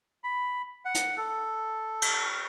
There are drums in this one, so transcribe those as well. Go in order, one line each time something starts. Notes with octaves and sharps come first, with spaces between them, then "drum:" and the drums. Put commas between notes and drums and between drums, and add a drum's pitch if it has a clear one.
B5
F#5
drum: hi-hat
A4
drum: cymbal